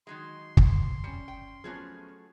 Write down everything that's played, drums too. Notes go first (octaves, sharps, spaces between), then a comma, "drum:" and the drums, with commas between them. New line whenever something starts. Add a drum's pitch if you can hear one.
D#3 F#3 G#3 C6
drum: kick
G3 C#4 C#7
G5
F3 F#3 A3 B3 C#4 G#4